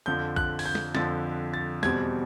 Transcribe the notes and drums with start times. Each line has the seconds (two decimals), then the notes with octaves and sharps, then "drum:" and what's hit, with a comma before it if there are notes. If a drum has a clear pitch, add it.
0.06 F2 D3 F3 G6
0.36 F#6, drum: kick A#1
0.59 G#6, drum: open hi-hat
0.66 G6
0.75 drum: snare
0.95 F2 D3 F3 A6, drum: snare
1.54 A6
1.83 E2 B2 G3 C4 G#6, drum: snare